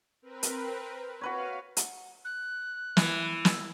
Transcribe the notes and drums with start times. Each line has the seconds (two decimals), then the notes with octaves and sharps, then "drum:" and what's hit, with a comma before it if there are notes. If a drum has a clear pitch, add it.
0.22 C4 A#4 B4
0.43 drum: hi-hat
1.21 F#4 B4 C#5 F5
1.77 F#5, drum: hi-hat
2.25 F#6
2.97 E3, drum: snare
3.45 drum: snare